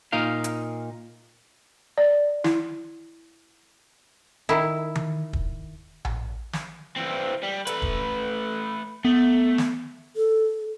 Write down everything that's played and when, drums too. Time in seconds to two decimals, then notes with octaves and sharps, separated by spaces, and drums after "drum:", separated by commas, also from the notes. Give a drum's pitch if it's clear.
0.12 A#2 D#4 A#4 F5
0.44 drum: hi-hat
1.98 D5
2.44 E4, drum: snare
4.49 D#3 E4
4.95 drum: tom D#3
5.33 drum: kick
6.05 drum: tom A#1
6.53 drum: snare
6.96 E3 C4
7.43 G3
7.67 A3 B4, drum: hi-hat
7.82 drum: kick
9.05 A3 B3
9.58 drum: snare
10.16 A4